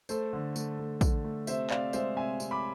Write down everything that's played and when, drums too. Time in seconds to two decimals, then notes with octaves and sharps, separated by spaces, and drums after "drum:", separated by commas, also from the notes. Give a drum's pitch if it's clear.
0.09 A3 A4 C5, drum: tambourine
0.33 D3
0.56 A3, drum: tambourine
0.79 A3
1.01 D3, drum: kick, tambourine
1.24 A3
1.47 C3 C5 E5, drum: tambourine
1.70 C4 D5 F5, drum: clap
1.93 G#3 C5 E5, drum: tambourine
2.16 C3 E5 G#5
2.40 C3, drum: tambourine
2.51 B5 D6